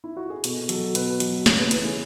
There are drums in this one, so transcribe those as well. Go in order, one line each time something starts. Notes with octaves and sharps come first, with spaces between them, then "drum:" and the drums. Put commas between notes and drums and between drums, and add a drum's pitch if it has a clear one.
E4
F#4
G#4
B2 A4, drum: hi-hat
F#3 A4, drum: hi-hat
B2 B4, drum: hi-hat
F#3, drum: hi-hat
C#3 C#5, drum: snare
B4
E3 B4, drum: hi-hat
G#4